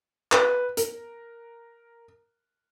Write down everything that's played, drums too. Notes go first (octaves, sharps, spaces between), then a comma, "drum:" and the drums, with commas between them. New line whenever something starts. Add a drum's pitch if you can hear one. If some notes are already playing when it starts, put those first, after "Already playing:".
B4, drum: clap
A#4, drum: hi-hat